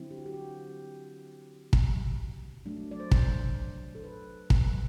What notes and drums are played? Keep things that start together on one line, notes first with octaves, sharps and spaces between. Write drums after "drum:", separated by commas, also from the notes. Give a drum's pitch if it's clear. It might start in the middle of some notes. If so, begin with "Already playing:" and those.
Already playing: D3 F#3 C4 E4
G4
F#4
G4
F#4
drum: kick
F#3 A3 D4
D5
C5
drum: kick
A4
B4
drum: kick